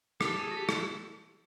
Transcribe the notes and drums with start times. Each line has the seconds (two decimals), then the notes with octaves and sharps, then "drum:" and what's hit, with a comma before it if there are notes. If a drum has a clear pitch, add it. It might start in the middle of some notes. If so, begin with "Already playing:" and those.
0.21 G4 A4, drum: rim click
0.39 G#4
0.51 F#4
0.57 G4
0.69 drum: rim click